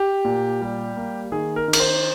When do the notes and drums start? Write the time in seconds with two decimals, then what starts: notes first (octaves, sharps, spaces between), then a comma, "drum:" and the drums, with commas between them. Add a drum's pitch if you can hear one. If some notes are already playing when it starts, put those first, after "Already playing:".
Already playing: G4
0.25 A#2
0.61 G3
0.96 A#3
1.32 D#3 G#4
1.56 A#4
1.68 D#3
1.73 A#4, drum: cymbal
1.80 C5